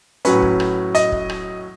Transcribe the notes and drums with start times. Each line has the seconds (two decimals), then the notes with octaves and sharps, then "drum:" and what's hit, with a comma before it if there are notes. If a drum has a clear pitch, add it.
0.25 A2 F#3 C#4 B4, drum: hi-hat
0.42 drum: kick
0.60 drum: rim click
0.95 D#5, drum: hi-hat
1.12 drum: kick
1.29 drum: rim click